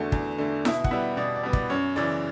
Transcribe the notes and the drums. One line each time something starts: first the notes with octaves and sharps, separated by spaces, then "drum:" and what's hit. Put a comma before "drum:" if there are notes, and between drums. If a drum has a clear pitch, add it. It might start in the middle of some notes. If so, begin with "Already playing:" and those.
Already playing: E2 D3 A3 F#4
E2, drum: kick
D3 A3
B2 E4 E5, drum: snare E4
F#5, drum: kick
G3 B3 E4 E5
B2 D5
D5
G3 B3
D5, drum: kick
F#2 C#5
C#3 E3 D5